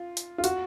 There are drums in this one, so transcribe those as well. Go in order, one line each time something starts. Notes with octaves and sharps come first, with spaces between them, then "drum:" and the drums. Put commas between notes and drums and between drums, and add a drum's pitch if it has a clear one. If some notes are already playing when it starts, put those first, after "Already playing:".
Already playing: F4
drum: hi-hat
F4
F#4, drum: hi-hat